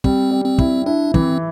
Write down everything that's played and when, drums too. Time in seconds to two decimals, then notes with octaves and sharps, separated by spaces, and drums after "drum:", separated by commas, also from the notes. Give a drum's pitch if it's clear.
0.04 G3 C4, drum: kick
0.31 G3
0.46 C4
0.58 E4, drum: kick
0.86 D4 E4
1.14 E3 C4, drum: kick